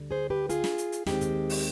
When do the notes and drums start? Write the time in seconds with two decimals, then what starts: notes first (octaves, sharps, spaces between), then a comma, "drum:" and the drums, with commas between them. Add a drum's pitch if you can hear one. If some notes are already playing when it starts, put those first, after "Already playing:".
Already playing: D2 D3 G3 D4
0.11 G#4 C5
0.30 G4 B4
0.49 F4 G#4, drum: hi-hat
0.64 drum: snare
0.78 drum: hi-hat
0.92 drum: hi-hat
1.06 D#2 D#3 G#3 C4 D#4 G4, drum: snare
1.21 drum: kick, hi-hat
1.49 drum: open hi-hat